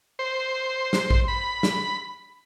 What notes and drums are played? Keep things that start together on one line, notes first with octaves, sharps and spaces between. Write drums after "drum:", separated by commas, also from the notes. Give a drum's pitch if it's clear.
C5
drum: snare
drum: kick
B5
drum: snare